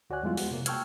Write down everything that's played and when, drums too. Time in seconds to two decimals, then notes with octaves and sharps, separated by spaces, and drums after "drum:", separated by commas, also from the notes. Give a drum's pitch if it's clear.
0.10 D2 F#4 C#5 D5 G#5 F#6
0.23 F2 G3 G#3 B3 E4 F4
0.37 G#3 F#4, drum: open hi-hat
0.51 C3 A#3
0.66 G5 A5 C#6 E6 F6 G#6, drum: hi-hat